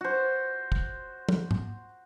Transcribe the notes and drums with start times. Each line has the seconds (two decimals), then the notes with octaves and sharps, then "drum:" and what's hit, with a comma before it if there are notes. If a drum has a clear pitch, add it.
0.01 F#4 C5
0.72 drum: kick
1.29 drum: tom
1.51 drum: tom G#2